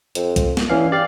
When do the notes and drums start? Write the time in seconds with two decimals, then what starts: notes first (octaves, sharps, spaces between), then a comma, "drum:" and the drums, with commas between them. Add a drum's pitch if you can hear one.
0.15 F2, drum: hi-hat
0.36 drum: kick, hi-hat
0.57 drum: snare
0.69 G2 E3 C#4 F5
0.92 G4 D5 F5